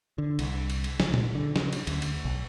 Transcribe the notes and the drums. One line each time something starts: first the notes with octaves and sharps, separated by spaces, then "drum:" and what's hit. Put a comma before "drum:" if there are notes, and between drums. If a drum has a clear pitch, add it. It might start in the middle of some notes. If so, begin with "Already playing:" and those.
D3
C2, drum: cymbal
drum: cymbal
drum: cymbal
C#2, drum: snare
drum: tom A#2
D3
C#3, drum: snare
drum: cymbal
D2, drum: cymbal
drum: cymbal
B1